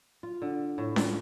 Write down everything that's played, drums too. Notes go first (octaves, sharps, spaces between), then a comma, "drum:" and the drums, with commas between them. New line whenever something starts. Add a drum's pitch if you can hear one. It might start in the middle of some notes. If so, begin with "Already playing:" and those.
F4
D3
A2
F4, drum: snare C#4